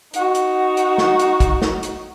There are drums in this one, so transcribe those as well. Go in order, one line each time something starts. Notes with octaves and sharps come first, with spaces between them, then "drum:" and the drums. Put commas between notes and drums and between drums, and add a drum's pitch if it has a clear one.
D#4 F#4, drum: hi-hat
drum: hi-hat
drum: hi-hat
drum: snare
drum: hi-hat
drum: kick, hi-hat
drum: snare
drum: hi-hat